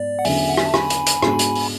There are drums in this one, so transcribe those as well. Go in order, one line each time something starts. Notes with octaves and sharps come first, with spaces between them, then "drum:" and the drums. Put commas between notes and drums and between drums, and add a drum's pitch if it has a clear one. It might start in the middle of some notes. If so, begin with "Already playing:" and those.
Already playing: G#2 B3 D5
F#5
E2 D3 F#3 C#4 E5 G#5, drum: open hi-hat
F#5
G#5, drum: rim click
A5
G#5 B5, drum: rim click
drum: hi-hat
drum: hi-hat
G#2 G#3 B3 D4 F#4, drum: rim click
drum: hi-hat
drum: open hi-hat